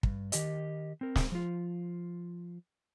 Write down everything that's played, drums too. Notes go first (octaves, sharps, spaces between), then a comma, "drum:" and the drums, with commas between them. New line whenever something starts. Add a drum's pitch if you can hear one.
G2, drum: kick
D#3 G4 D#5, drum: hi-hat
C4 A#4
drum: snare
F3 F4